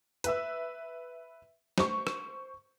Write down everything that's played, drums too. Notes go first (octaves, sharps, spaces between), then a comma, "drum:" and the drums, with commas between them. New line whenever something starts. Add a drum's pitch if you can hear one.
B4 E5 E6, drum: hi-hat
C5 C#6, drum: snare
drum: rim click